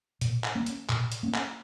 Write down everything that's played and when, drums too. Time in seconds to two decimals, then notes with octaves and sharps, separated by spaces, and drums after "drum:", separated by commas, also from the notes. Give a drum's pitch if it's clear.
0.21 A#2, drum: hi-hat
0.44 drum: clap
0.55 A#3 C#4
0.66 drum: hi-hat
0.89 A#2, drum: clap
1.12 drum: hi-hat
1.23 A#3 C#4
1.34 drum: clap